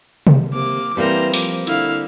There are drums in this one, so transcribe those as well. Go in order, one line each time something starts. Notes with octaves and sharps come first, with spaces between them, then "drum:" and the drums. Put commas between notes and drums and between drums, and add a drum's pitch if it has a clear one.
drum: tom C3
C3 A#3 D6
E3 G3 A#3 C4 C5 A#5
F3 D6, drum: open hi-hat
D3 E4 F5, drum: hi-hat